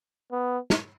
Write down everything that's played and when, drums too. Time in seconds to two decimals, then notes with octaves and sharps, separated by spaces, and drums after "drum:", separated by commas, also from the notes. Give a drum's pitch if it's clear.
0.32 B3
0.70 drum: snare